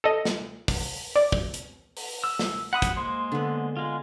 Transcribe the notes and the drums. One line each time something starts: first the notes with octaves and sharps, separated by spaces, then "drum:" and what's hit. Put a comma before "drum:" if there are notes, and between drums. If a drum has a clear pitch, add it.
A4 D#5
drum: snare
drum: kick, open hi-hat
D5
drum: kick
drum: hi-hat
drum: open hi-hat
E6
drum: snare
F#5 B5 D#6
drum: kick, hi-hat
G#3 A#3 C5
D3 B3
G#3 F4